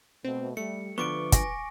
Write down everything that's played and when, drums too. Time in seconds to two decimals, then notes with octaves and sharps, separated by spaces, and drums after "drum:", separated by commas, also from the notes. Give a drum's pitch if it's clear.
0.24 B2 A3 C4
0.57 G3 A3 C#7
0.98 D3 F3 B3 B4 C#6 D6 D7
1.32 G#5 A#6, drum: kick, hi-hat